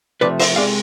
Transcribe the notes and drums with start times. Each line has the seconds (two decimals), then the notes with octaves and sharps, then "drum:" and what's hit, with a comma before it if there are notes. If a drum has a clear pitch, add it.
0.21 C3 F3 A3 B4 D5
0.39 C5 E5, drum: open hi-hat
0.56 C3 G#3 D5 F5